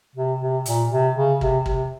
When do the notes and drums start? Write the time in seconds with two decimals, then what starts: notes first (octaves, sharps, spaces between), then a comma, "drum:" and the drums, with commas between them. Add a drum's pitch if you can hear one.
0.16 C3
0.40 C3
0.66 A#2, drum: hi-hat
0.90 C3
1.16 C#3
1.41 C3, drum: kick
1.66 C3, drum: kick